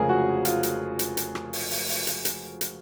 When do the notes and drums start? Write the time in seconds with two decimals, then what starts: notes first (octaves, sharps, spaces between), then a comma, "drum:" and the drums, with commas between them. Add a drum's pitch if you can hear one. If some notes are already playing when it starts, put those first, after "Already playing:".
Already playing: F1 F2 C#3 F3 G#3 G#4 A#4
0.09 F#4
0.45 F4, drum: hi-hat
0.63 drum: hi-hat
0.99 drum: hi-hat
1.17 drum: hi-hat
1.35 drum: rim click
1.53 drum: open hi-hat
1.71 drum: open hi-hat
1.89 drum: open hi-hat
2.07 drum: hi-hat
2.25 drum: hi-hat
2.61 drum: hi-hat